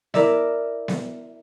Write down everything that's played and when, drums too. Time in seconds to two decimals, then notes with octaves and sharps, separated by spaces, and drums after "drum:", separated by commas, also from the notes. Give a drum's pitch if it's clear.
0.14 E4 A#4 D5 E5, drum: snare B3
0.88 drum: snare B3